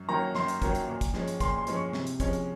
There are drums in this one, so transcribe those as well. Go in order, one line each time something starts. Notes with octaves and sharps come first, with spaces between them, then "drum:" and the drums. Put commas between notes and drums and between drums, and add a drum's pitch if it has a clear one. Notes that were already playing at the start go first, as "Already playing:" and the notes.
Already playing: F#2
D#3 F#3 A#3 C#4 A#5
F#2 C6, drum: snare
drum: hi-hat
D#3 F#3 A#3 C#4, drum: kick, hi-hat
drum: hi-hat
A#2
drum: kick, hi-hat
F3 G#3 C#4, drum: snare
drum: hi-hat
A#2 C6, drum: kick, hi-hat
C6
F3 G#3 C#4, drum: hi-hat
C#6
C3, drum: snare
drum: hi-hat
F3 G#3 C#4, drum: kick, hi-hat
drum: hi-hat